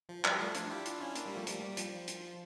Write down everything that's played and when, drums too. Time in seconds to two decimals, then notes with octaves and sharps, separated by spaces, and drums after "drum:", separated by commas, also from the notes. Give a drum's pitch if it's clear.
0.09 F3
0.25 G3, drum: clap
0.40 F3 A3
0.54 D4 F4, drum: hi-hat
0.70 E4 G4
0.86 D4 F4, drum: hi-hat
1.01 C#4 E4
1.15 A#3 D4, drum: hi-hat
1.26 G3 A#3
1.36 F3 A3
1.47 G3 A#3, drum: hi-hat
1.61 G3
1.71 G3
1.77 F3, drum: hi-hat
2.08 drum: hi-hat